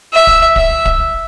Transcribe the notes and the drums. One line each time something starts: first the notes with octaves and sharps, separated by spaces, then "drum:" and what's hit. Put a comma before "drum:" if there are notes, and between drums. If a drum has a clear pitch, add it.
E5
drum: kick
E5, drum: kick
drum: kick